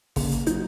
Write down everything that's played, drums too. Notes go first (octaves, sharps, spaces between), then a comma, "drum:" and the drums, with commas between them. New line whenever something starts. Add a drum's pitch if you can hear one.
C#3 A#3, drum: kick G#1, open hi-hat
drum: hi-hat
F#3 D#4, drum: hi-hat